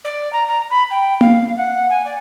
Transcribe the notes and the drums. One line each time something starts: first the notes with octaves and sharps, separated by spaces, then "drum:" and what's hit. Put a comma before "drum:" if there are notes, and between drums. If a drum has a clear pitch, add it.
D5
A#5
A#5
B5
G5
F5, drum: tom A#3
F#5
G#5
D5